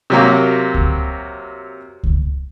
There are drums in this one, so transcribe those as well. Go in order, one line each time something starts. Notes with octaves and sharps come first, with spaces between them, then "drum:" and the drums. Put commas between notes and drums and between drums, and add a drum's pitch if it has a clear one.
C3 F#3 A#3
drum: kick C#2
drum: kick C#2